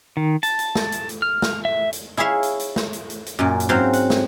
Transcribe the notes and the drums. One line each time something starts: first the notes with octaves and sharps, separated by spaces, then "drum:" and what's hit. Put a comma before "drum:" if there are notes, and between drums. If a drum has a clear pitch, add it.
D#3
A5, drum: hi-hat
drum: hi-hat
drum: snare
drum: hi-hat
drum: hi-hat
F6
drum: snare
E5
drum: hi-hat
E4 G#4 C#5 E5 F5
drum: hi-hat
drum: hi-hat
drum: snare
drum: hi-hat
drum: hi-hat
drum: hi-hat
F#2 A#2
drum: hi-hat
G#2 F#3 C4 C5 F5
F#5, drum: hi-hat
drum: snare